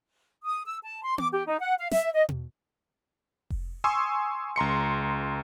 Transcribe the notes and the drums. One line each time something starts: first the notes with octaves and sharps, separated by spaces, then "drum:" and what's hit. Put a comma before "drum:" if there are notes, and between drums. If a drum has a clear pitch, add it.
D#6
E6
A5
C6
D6, drum: tom B3
G4
D#4
F#5
F5
E5, drum: snare
D#5
drum: tom B2
drum: kick F1
G#5 C6 C#6 D#6 E6
C#2 A#5 C6 C#7